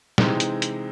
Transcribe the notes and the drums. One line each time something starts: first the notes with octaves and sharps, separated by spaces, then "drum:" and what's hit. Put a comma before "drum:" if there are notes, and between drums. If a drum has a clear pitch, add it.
C3 E3 G#3 C4 D#4, drum: snare
drum: hi-hat
drum: hi-hat